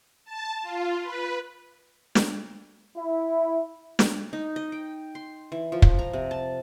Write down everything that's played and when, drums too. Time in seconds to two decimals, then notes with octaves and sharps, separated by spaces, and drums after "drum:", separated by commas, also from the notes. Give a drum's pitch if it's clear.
0.25 A5
0.62 F4
1.02 B4
2.15 drum: snare
2.96 E4
3.99 drum: snare
4.33 D#4
4.56 D#5
4.72 G5
5.15 C6
5.52 E3
5.72 F3
5.82 drum: kick
5.99 A#5
6.13 C3
6.31 A5